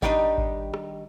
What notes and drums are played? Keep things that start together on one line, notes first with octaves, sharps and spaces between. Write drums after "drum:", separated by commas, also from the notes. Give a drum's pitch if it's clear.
D#3 G3 D4 D#4 G4 D#5, drum: kick G#1
drum: kick G#1
drum: rim click